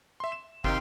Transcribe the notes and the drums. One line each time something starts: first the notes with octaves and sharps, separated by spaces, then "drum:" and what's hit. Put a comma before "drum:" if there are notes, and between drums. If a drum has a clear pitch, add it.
E5 C6
E7
C3 D#3 D#4 F5 G5 C6, drum: kick